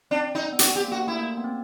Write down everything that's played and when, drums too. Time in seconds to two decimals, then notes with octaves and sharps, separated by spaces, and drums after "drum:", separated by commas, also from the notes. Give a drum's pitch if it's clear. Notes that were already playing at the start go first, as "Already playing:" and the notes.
0.11 C4 D4
0.35 D#4
0.52 B3
0.59 C4 F#4, drum: hi-hat
0.76 G4
0.84 A#3
0.92 F#4
1.07 A3 E4
1.19 A#3
1.37 B3
1.44 C4